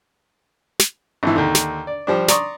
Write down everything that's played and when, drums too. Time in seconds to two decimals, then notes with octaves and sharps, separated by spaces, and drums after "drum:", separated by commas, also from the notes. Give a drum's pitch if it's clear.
0.79 drum: snare
1.23 G#1 E3
1.36 D#2 D3
1.55 drum: snare
1.87 D5
2.07 F3 G3 D4
2.28 D5 A#5 C6 C#6 D#6, drum: snare